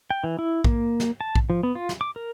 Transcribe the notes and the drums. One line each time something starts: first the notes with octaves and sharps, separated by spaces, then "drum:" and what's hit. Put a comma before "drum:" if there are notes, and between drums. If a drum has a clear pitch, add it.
G5
E3
E4
A#3, drum: kick A#1
drum: snare
A5
drum: kick A#1
F3
B3
F4
drum: snare
D6
A#4